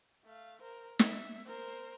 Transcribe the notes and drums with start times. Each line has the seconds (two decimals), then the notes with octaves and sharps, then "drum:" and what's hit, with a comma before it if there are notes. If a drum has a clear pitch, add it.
0.24 A3 F5
0.61 A#4 C5
0.99 E5, drum: snare
1.47 A#4 C5